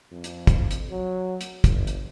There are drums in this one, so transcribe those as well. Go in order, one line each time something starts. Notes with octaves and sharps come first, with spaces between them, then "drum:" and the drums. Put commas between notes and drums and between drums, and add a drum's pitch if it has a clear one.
F2
drum: hi-hat
drum: kick, hi-hat
drum: hi-hat
F#3
drum: hi-hat
G1, drum: kick, hi-hat
drum: hi-hat